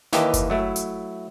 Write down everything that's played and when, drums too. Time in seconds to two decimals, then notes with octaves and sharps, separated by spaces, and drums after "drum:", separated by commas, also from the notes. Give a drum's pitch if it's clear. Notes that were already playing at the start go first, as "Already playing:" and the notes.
0.13 D#2 E3 A#3 G4 D#5 A5, drum: snare
0.34 drum: kick F#1, hi-hat
0.50 F#3 A3 E4
0.76 drum: hi-hat